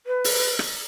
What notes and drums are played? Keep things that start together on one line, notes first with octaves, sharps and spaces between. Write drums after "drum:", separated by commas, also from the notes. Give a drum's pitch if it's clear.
B4
drum: open hi-hat
drum: rim click